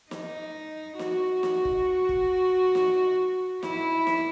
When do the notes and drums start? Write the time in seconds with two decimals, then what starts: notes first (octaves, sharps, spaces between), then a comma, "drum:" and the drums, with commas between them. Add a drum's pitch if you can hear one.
0.11 D#4, drum: snare
0.99 F#4, drum: snare
1.43 drum: snare
1.65 drum: kick
2.09 drum: kick
2.75 drum: snare
3.63 E4, drum: snare
4.07 drum: snare